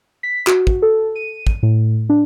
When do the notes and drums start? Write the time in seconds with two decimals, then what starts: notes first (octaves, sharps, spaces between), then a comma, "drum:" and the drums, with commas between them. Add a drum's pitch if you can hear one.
0.23 B6
0.47 F#4, drum: clap
0.67 drum: kick
0.82 A4
1.15 D#7
1.47 drum: kick
1.63 A2
2.09 D4